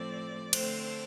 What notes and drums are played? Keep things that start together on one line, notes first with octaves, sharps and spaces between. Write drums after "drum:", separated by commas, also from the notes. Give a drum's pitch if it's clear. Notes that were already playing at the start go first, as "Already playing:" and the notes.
Already playing: A2 F3 A3 C4 D5
D3 A3 C4 C5, drum: cymbal